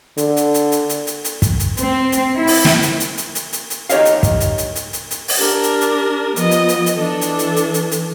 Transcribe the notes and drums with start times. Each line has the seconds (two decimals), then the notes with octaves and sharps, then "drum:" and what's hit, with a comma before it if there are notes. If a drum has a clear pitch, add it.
0.17 D3, drum: hi-hat
0.37 drum: hi-hat
0.54 drum: hi-hat
0.72 drum: hi-hat
0.89 drum: hi-hat
1.07 drum: hi-hat
1.24 drum: hi-hat
1.42 drum: kick, hi-hat
1.60 drum: hi-hat
1.77 C4, drum: hi-hat
2.12 drum: hi-hat
2.35 E4
2.47 drum: open hi-hat
2.65 drum: snare
2.82 drum: hi-hat
3.00 drum: hi-hat
3.18 drum: hi-hat
3.35 drum: hi-hat
3.53 drum: hi-hat
3.70 drum: hi-hat
3.89 D#4 G4 C#5 D#5 F5, drum: hi-hat
4.05 drum: hi-hat
4.23 drum: kick, hi-hat
4.40 drum: hi-hat
4.58 drum: hi-hat
4.75 drum: hi-hat
4.93 drum: hi-hat
5.11 drum: hi-hat
5.28 drum: open hi-hat
5.38 D4 G4 A#4
5.63 drum: hi-hat
5.81 drum: hi-hat
6.36 F3 B3 D#5, drum: hi-hat
6.51 drum: hi-hat
6.69 drum: hi-hat
6.86 drum: hi-hat
6.96 E3 D4 A4
7.21 drum: hi-hat
7.39 drum: hi-hat
7.56 drum: hi-hat
7.74 drum: hi-hat
7.91 drum: hi-hat